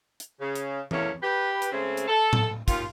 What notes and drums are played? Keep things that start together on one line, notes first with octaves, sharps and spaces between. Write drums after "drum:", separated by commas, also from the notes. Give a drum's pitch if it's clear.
drum: hi-hat
C#3
drum: hi-hat
E2 E3 A3 A#3 C#4, drum: tom E3
G4 B4
drum: hi-hat
C#3 G#3 A3 C4
drum: hi-hat
A4
drum: tom A2
D#2 F4, drum: kick, hi-hat